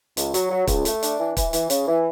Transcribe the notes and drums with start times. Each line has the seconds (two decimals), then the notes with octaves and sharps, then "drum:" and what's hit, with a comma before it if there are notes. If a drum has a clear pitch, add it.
0.17 C#2, drum: hi-hat
0.34 F#3, drum: hi-hat
0.51 F#3
0.67 C#2, drum: kick, hi-hat
0.85 A3, drum: hi-hat
1.03 D4, drum: hi-hat
1.19 E3
1.37 E3, drum: kick, hi-hat
1.53 E3, drum: hi-hat
1.70 C#3, drum: hi-hat
1.88 E3